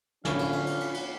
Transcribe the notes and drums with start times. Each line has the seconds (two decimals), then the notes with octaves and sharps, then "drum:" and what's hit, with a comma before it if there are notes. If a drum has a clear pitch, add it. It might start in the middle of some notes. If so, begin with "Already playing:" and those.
0.25 D3 F3 C#4 F5 G#5 B5 C#6, drum: snare
0.39 drum: cymbal
0.53 drum: cymbal
0.67 drum: cymbal
0.80 drum: cymbal
0.94 drum: cymbal